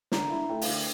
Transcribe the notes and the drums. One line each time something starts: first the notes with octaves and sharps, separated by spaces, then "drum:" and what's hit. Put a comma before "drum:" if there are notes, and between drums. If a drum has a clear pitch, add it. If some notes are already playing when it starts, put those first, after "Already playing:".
D3 A#5, drum: snare
E4
A3 G5
F5, drum: open hi-hat
D3
G5